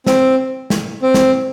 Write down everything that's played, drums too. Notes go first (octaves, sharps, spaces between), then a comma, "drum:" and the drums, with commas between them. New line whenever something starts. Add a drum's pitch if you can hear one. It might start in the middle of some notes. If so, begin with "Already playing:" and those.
C4, drum: snare
drum: snare
C4
drum: snare